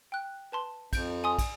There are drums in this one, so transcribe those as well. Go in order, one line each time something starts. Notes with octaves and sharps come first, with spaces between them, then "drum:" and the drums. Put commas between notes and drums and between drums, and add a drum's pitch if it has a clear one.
G5 F#6
B4 A5 C6
F2 G6 D7, drum: kick, cymbal
G#5 C6 D#6
drum: kick, cymbal